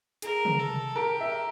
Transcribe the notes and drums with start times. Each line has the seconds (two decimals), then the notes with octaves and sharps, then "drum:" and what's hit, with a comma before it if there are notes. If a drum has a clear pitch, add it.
0.22 G#4 A#4, drum: hi-hat
0.45 drum: tom
0.59 A4
0.96 G4 A#4
1.21 E5